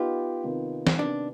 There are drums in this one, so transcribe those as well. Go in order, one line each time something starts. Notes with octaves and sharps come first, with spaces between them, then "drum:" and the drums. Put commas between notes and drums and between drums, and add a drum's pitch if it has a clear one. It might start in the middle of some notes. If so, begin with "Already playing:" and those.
Already playing: B3 D#4 F4 G4
C3 D#3 B3
drum: snare
C3 D#3 B3 D4